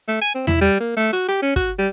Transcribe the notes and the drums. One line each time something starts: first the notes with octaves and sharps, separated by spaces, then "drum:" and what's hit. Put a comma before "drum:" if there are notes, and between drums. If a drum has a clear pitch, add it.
A3
G#5
C4
E4, drum: tom E2
G3
A#3
A3
F#4
G4
C#4
F#4, drum: kick
G3